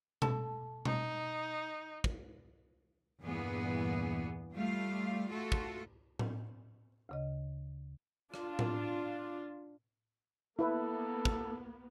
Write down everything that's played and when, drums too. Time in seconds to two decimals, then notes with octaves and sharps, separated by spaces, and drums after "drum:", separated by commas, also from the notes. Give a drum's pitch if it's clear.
0.22 A4 A5, drum: tom B2
0.85 D#4, drum: tom B2
2.04 drum: kick
3.22 E2 G2 A#2 E3 B3 G#4
4.54 G3 A3 F4 F5
5.31 A3 F4 F#4 A4
5.52 drum: kick
6.19 drum: tom A2
7.09 D2 C#3 D#5
8.34 D4 F4, drum: rim click
8.59 drum: tom A2
10.59 A#3 B3 E4 A4 B4 E5
11.25 drum: kick